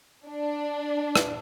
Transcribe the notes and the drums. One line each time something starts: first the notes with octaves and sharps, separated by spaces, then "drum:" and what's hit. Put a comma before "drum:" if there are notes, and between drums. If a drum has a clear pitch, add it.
D4
drum: rim click